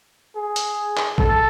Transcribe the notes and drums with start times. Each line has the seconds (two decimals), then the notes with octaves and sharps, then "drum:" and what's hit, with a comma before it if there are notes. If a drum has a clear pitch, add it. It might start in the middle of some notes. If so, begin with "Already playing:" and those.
0.36 G#4
0.56 drum: hi-hat
0.97 drum: clap
1.18 A4, drum: kick